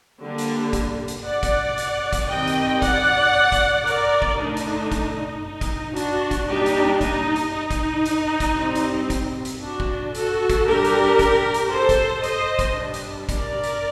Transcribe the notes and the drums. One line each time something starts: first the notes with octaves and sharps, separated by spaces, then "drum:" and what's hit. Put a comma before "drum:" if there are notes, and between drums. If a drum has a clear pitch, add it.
D3 G3 A#3
drum: hi-hat
drum: kick, hi-hat
drum: hi-hat
D5 F#5
drum: kick, hi-hat
drum: hi-hat
drum: kick, hi-hat
D#3 G3 C4 D#5 G5
drum: hi-hat
D5 F#5, drum: kick, hi-hat
drum: kick, hi-hat
A#4 D5, drum: hi-hat
drum: kick
D3 A3 D4 D#4
drum: hi-hat
drum: kick, hi-hat
D#4
drum: kick, hi-hat
D4 F#4, drum: hi-hat
drum: kick, hi-hat
G3 A#3 D4 D#4 G4
drum: hi-hat
D#4, drum: kick, hi-hat
drum: hi-hat
D#4
drum: kick, hi-hat
drum: hi-hat
drum: kick, hi-hat
G3 C4
drum: hi-hat
drum: kick, hi-hat
drum: hi-hat
D4 F#4
drum: kick
F#4 A4, drum: hi-hat
drum: kick, hi-hat
G3 D4 G4 A#4
drum: hi-hat
drum: kick, hi-hat
drum: hi-hat
A4 C5
drum: kick, hi-hat
C5 D#5, drum: hi-hat
drum: kick, hi-hat
G3 D4
drum: hi-hat
A#4 D5, drum: kick, hi-hat
drum: hi-hat